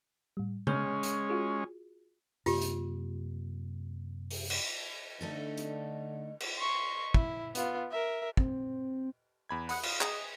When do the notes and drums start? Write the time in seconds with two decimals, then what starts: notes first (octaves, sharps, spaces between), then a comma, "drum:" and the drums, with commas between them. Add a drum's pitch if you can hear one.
0.37 A2 G3
0.67 G#3 C#4 C#5 F6 G6, drum: tom C#3
1.03 drum: hi-hat
1.29 F4 F#4 G#4
2.46 F#2 C3 A#3 F4 G4, drum: open hi-hat
2.62 drum: hi-hat
4.31 drum: open hi-hat
4.50 drum: cymbal
5.21 D3 A3 D#4 A4
5.57 drum: hi-hat
6.40 drum: cymbal
6.57 C6 C#6
7.14 E4, drum: kick
7.55 B3 F4, drum: hi-hat
7.91 A#4 E5
8.37 C4, drum: kick
9.49 E2 B5 G#6
9.69 F#5 B5 D#6 F#6, drum: open hi-hat
9.83 F4, drum: cymbal
10.01 G#4 D#5, drum: clap